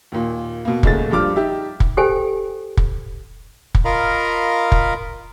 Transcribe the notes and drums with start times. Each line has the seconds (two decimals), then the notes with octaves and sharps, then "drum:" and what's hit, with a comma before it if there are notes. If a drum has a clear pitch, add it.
0.12 D#2 A#2
0.65 B2 A#3
0.83 D#1 C#2 F#2 G#3 A3 A6, drum: kick
1.11 G2 F3 G3 D6 F6
1.36 D#4 G4 E5
1.80 drum: kick
1.97 G4 A4 C5 G5 G#5
2.77 drum: kick
3.75 drum: kick
3.85 F4 A#4 D#5 F5 A#5 B5
4.72 drum: kick